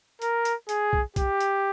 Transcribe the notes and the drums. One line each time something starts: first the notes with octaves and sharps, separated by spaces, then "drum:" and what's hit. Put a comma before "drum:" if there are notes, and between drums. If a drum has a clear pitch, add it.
A#4, drum: hi-hat
drum: hi-hat
G#4, drum: hi-hat
drum: kick
G4, drum: kick, hi-hat
drum: hi-hat